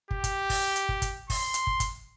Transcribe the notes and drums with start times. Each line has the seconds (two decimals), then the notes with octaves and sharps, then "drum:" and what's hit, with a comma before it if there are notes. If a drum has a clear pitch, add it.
0.11 G4, drum: kick
0.24 drum: kick, hi-hat
0.50 drum: kick, open hi-hat
0.76 drum: hi-hat
0.89 drum: kick
1.02 drum: kick, hi-hat
1.30 C6, drum: kick, open hi-hat
1.54 drum: hi-hat
1.67 drum: kick
1.80 drum: kick, hi-hat